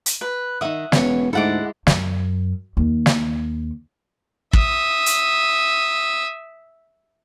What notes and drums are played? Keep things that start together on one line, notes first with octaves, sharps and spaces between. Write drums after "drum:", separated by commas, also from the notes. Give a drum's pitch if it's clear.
drum: hi-hat
B4
D#3 D#4 E5 F#5 D#6
E1 B3 C#4 C#5, drum: snare
D2 G#2 G#3 E4 A4 F#5 D6
F#2, drum: snare
D#2
drum: snare
E5 D#6, drum: kick
drum: hi-hat